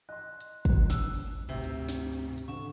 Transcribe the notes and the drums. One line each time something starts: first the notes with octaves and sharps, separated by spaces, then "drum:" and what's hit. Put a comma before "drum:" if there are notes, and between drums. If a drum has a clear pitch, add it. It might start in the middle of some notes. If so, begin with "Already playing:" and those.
D#5 C6 F#6
drum: hi-hat
drum: kick, hi-hat
E6, drum: snare
drum: open hi-hat
D2 G#2 C3
drum: hi-hat
drum: snare
drum: hi-hat
drum: hi-hat
D3 C#6 E7